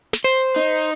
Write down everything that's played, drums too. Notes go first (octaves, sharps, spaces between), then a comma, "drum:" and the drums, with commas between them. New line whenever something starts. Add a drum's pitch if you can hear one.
drum: snare
C5
D#4
drum: open hi-hat